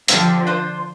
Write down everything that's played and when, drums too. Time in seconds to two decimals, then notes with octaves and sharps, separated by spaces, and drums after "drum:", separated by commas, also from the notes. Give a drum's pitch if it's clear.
0.08 D3 F3 C4 G4 C5 F5, drum: hi-hat
0.47 D4 F4 C5